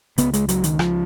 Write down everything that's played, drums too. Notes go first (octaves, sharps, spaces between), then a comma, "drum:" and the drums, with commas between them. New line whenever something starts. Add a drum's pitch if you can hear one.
C#2 C#3 B3, drum: hi-hat
G#3, drum: hi-hat
F#3, drum: hi-hat
D#3, drum: hi-hat
F3, drum: rim click